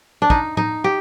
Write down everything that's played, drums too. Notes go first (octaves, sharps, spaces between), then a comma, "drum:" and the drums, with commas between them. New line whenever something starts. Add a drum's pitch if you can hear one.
D4
D#4, drum: kick
D#4, drum: tom A2
G4